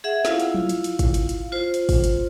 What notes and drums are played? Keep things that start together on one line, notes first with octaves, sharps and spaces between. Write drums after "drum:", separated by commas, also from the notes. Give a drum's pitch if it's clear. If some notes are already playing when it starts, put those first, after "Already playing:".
G#4 E5 F#5
E4 F4 F5, drum: snare
drum: hi-hat
drum: tom F3
drum: hi-hat
drum: hi-hat
drum: kick, hi-hat
drum: hi-hat
drum: hi-hat
F4 C5
drum: hi-hat
drum: kick, open hi-hat
drum: hi-hat